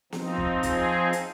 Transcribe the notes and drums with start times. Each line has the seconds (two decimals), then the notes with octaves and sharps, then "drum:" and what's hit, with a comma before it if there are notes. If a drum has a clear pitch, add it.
0.12 F3 C4 D#4, drum: snare
0.37 drum: kick
0.63 G#4, drum: kick, hi-hat
1.13 drum: hi-hat